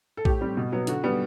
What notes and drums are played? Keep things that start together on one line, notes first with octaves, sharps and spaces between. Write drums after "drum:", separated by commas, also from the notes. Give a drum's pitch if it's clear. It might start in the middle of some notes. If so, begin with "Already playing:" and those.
A4
A2 G4, drum: kick A#1
G3 C4
B2
F#3 B3
D3 F#4, drum: hi-hat
G3 B3